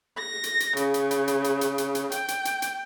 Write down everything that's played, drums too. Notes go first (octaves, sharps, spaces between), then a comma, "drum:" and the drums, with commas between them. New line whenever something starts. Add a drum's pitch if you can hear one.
A#6
drum: hi-hat
drum: hi-hat
C#3, drum: hi-hat
drum: hi-hat
drum: hi-hat
drum: hi-hat
drum: hi-hat
drum: hi-hat
drum: hi-hat
drum: hi-hat
G5, drum: hi-hat
drum: hi-hat
drum: hi-hat
drum: hi-hat